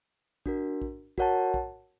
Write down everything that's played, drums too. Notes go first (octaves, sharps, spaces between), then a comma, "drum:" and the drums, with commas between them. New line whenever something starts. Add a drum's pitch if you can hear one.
D4 F#4 A#4, drum: kick A#1
drum: kick A#1
F#4 A#4 C#5 F#5 A5, drum: kick A#1
drum: kick A#1